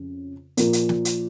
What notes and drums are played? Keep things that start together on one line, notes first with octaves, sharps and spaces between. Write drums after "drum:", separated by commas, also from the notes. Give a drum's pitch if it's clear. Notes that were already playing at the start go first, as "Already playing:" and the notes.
Already playing: F2 C#3
A#2 F3 A#3, drum: hi-hat
drum: hi-hat
drum: snare
drum: hi-hat